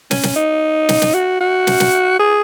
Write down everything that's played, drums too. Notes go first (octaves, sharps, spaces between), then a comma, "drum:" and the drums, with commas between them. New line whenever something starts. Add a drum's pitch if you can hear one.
C#4, drum: snare
drum: snare
D#4
drum: snare
drum: snare
F#4
F#4
drum: snare
drum: snare
G#4